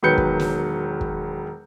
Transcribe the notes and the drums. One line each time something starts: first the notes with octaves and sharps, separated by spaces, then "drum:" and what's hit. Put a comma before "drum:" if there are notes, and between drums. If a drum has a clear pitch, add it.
E1 D#3 F#3 B4 G6 C#7
drum: kick
drum: snare
drum: kick